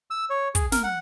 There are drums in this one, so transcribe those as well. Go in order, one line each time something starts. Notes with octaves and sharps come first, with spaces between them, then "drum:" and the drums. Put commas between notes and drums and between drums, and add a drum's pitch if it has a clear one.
E6
C#5
G#4, drum: kick, hi-hat
A#4, drum: snare
F#5